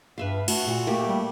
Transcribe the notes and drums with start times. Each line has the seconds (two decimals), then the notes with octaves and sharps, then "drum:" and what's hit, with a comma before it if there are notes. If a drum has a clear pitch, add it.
0.18 G2 B4 E5 F5
0.48 A3 F#4, drum: cymbal
0.67 A#2 A4
0.87 A3 A#3 G4
1.07 G3